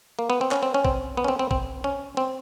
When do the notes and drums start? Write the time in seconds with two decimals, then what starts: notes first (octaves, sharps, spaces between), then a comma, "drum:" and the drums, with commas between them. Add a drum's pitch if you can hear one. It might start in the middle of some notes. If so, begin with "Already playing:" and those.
0.19 A#3
0.30 B3
0.41 C4
0.51 C#4, drum: clap
0.63 C4
0.74 C#4
0.85 C4, drum: kick A#1
1.17 B3
1.24 C#4
1.28 C4
1.39 C4
1.51 C4, drum: kick A#1
1.84 C#4
2.17 C4